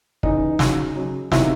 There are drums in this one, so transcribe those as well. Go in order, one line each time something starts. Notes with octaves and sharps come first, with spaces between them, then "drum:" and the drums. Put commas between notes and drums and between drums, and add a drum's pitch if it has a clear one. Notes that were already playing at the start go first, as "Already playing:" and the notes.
C#3 E3 D#4, drum: kick
C#3 F#3, drum: snare
C#3 F#3
C3 D#3 F#3 E4, drum: snare